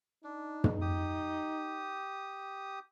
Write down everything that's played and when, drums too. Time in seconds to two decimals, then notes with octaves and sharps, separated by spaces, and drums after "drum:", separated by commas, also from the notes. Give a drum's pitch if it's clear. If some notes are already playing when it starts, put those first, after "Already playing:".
0.24 D4 D#4
0.64 drum: tom
0.81 G4 D#6